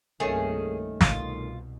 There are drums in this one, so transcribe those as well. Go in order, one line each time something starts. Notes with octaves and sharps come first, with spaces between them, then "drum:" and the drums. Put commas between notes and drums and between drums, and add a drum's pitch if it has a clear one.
C2 G2 D#3 A3 A#3 C#4 G#4
C2 B2 F4, drum: snare